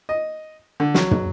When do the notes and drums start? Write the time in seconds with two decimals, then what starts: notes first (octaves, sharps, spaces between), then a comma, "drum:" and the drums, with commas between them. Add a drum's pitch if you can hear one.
0.09 D#5
0.80 D3
0.94 F#3, drum: snare
1.11 drum: tom